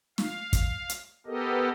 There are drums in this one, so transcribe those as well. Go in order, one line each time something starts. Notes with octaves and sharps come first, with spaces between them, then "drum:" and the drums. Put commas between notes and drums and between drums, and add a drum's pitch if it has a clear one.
F5, drum: snare
drum: kick, hi-hat
drum: hi-hat
B3 G4 A4 A#4 D#5